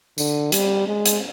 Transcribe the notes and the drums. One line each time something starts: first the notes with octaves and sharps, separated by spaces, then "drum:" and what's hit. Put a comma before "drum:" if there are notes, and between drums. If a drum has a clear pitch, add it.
D3, drum: tambourine
G3, drum: hi-hat
G#3
drum: hi-hat